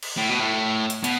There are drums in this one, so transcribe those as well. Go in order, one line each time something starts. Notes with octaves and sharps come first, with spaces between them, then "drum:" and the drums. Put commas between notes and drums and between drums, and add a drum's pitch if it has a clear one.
drum: cymbal
A2
B2
A2
drum: hi-hat
B2, drum: hi-hat